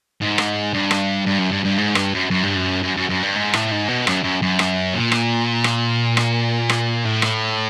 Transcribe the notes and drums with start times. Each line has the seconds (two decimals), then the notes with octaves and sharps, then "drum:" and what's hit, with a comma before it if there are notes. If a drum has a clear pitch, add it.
0.21 G#2
0.38 drum: rim click
0.74 G2
0.91 drum: rim click
1.26 G2
1.39 F#2
1.52 G2
1.65 G2
1.78 G#2
1.95 G2, drum: rim click
2.14 F#2
2.30 F#2
2.43 G2
2.56 F#2
2.83 F#2
2.97 F#2
3.10 F#2
3.23 G2
3.36 G#2
3.53 A2, drum: rim click
3.72 G#2
3.88 B2
4.07 F#2, drum: rim click
4.23 F#2
4.42 F#2
4.59 drum: rim click
4.95 A#2
5.12 drum: rim click
5.64 drum: rim click
6.17 drum: rim click
6.69 drum: rim click
7.05 A2
7.22 drum: rim click